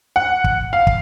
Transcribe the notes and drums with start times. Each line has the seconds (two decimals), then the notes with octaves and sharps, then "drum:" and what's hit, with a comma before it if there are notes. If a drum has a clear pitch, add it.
0.16 F#5
0.44 drum: kick
0.73 F5
0.87 drum: kick